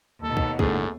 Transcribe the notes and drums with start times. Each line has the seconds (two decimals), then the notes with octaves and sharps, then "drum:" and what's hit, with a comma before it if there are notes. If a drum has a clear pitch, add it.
0.23 D#2 B2 A4
0.37 drum: kick
0.59 G1 F#2 A2 D3 A3 G#4, drum: kick